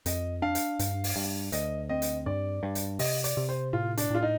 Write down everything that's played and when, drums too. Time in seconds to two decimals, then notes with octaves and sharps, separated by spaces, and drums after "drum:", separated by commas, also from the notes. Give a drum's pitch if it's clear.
0.06 F2 D#5, drum: hi-hat
0.42 D4 F5
0.55 drum: hi-hat
0.79 G2, drum: hi-hat
1.04 drum: open hi-hat
1.16 G2
1.52 D2 D#5, drum: hi-hat
1.89 C4 D#5
2.02 drum: hi-hat
2.26 G2 D5
2.63 G2
2.75 drum: hi-hat
2.99 C3 D#5, drum: open hi-hat
3.24 D5, drum: hi-hat
3.37 C3
3.49 C5
3.73 A2 F4
3.97 D4, drum: hi-hat
4.10 A2 F4
4.23 D#4